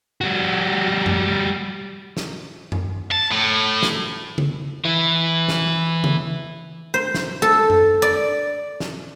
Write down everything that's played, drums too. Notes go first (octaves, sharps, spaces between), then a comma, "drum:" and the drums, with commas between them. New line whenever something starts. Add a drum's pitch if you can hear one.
G3 F#4
drum: tom F#2
drum: snare
drum: tom F#2
A5
A2
drum: snare
drum: tom C#3
E3 E4
drum: snare
drum: tom C#3
C5
drum: snare
A4
drum: tom F#2
D5
drum: snare